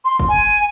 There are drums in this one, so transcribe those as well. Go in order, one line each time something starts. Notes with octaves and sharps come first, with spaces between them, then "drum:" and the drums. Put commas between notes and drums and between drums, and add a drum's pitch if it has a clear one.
C6
drum: kick
G#5